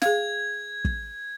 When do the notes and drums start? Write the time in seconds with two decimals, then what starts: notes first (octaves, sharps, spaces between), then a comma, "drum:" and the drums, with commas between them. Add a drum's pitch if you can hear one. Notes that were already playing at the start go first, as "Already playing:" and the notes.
0.02 G#4 F5 G#6, drum: snare
0.85 drum: kick